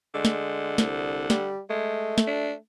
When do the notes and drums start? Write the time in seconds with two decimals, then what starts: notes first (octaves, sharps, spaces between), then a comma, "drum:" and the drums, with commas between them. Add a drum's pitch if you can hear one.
0.15 D3 G#3
0.25 drum: snare
0.78 C2, drum: snare
1.30 G3, drum: snare
1.70 G#3 A3
2.18 drum: snare
2.27 D4